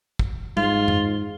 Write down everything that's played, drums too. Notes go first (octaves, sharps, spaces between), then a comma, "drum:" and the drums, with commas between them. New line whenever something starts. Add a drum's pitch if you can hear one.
drum: kick
G#2 F4, drum: tom
drum: tom F#2